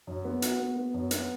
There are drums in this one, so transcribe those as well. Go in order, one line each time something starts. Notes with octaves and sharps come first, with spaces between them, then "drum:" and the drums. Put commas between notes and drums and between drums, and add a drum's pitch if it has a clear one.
F#2
B3
F#4, drum: hi-hat
B3
B3
F#2
B3, drum: hi-hat